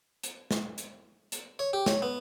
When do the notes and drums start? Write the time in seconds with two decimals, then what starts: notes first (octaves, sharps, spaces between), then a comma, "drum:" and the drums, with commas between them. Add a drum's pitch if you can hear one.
0.23 drum: hi-hat
0.51 drum: snare
0.78 drum: hi-hat
1.32 drum: hi-hat
1.59 C#5
1.73 G4
1.86 C#5, drum: snare
2.02 B3